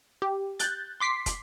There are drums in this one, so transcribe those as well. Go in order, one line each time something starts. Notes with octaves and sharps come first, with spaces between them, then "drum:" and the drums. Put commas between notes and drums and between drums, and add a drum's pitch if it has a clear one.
G4
F#6 G6 A6, drum: hi-hat
C6 D6 B6 C7
drum: kick, hi-hat